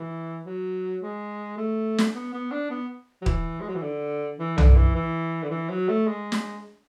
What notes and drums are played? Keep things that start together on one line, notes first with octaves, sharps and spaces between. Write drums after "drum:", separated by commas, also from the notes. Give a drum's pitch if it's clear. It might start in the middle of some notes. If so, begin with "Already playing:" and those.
Already playing: E3
F#3
G#3
A3
drum: snare
B3
B3
D4
B3
F#3
E3, drum: kick D#1
G#3
F#3
E3
D3
E3
D3, drum: tom
E3
E3
D3
E3
F#3
A3
G#3
drum: snare